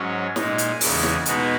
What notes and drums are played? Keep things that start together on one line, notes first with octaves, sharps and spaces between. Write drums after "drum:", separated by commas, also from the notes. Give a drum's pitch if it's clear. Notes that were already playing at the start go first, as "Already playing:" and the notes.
Already playing: G#2 F#3 C#4
A#2 G#3 D#4, drum: snare
drum: hi-hat
E2 C#3 G#3, drum: open hi-hat
drum: snare
B2 G#3 B3 D#4 F#4, drum: hi-hat